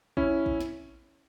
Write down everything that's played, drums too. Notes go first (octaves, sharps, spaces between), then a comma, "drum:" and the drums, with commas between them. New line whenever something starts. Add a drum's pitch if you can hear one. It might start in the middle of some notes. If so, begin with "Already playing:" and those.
C#4 E4, drum: kick
drum: kick
drum: snare